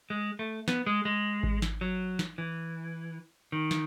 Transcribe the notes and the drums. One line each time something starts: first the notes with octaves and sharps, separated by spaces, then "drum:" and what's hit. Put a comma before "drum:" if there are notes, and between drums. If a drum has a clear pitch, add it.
G#3
A3
B3, drum: snare
G#3
G#3
drum: kick G#1
drum: snare
F#3
drum: snare
E3
D#3
drum: snare